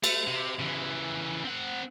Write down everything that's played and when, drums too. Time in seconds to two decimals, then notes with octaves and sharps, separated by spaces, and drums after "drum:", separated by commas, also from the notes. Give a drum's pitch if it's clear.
0.04 A3, drum: cymbal
0.27 C3
0.59 C#3 E3
1.45 C4 F#5